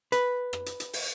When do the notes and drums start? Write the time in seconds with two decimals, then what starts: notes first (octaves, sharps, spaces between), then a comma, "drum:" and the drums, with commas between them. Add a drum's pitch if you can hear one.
0.12 B4, drum: hi-hat
0.53 drum: rim click
0.66 drum: hi-hat
0.80 drum: hi-hat
0.93 drum: open hi-hat